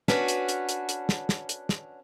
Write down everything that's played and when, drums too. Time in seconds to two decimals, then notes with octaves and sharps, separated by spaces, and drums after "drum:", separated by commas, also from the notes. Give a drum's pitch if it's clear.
0.08 C#4 D4 F#4 B4, drum: snare
0.28 drum: hi-hat
0.48 drum: hi-hat
0.69 drum: hi-hat
0.89 drum: hi-hat
1.09 drum: snare
1.29 drum: snare
1.49 drum: hi-hat
1.69 drum: snare